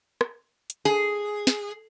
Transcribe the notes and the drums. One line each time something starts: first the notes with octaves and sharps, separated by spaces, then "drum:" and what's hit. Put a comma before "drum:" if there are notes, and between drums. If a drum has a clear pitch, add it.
drum: rim click
drum: hi-hat
G#4
drum: snare